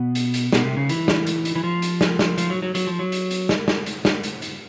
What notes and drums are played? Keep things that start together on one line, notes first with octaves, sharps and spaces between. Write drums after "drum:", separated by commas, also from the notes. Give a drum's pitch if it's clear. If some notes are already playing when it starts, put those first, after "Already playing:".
Already playing: B2
drum: hi-hat
drum: hi-hat
B2, drum: snare
C3
C#3
E3, drum: hi-hat
drum: snare
drum: hi-hat
drum: hi-hat
E3
F3
drum: hi-hat
drum: snare
drum: snare
F3, drum: hi-hat
F#3
F#3
F#3, drum: hi-hat
F3
F#3
drum: hi-hat
drum: hi-hat
drum: snare
drum: snare
drum: hi-hat
drum: snare
drum: hi-hat
drum: hi-hat